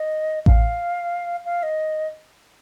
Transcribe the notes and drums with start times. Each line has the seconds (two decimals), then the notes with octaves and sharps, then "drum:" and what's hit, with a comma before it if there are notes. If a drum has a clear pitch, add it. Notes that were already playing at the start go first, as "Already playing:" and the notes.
Already playing: D#5
0.46 F5, drum: kick A1
1.45 F5
1.63 D#5